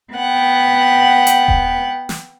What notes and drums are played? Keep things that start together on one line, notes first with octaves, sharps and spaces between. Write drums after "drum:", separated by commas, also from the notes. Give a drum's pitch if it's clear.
B3 F#5 G5
drum: hi-hat
drum: kick D#1
drum: snare